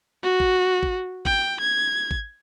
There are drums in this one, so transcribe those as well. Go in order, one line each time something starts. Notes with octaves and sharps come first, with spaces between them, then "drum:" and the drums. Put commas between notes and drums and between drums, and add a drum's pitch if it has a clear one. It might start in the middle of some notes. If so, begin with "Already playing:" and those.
F#4
drum: kick G#1
drum: kick G#1
G5, drum: kick G#1
G#6
drum: kick G#1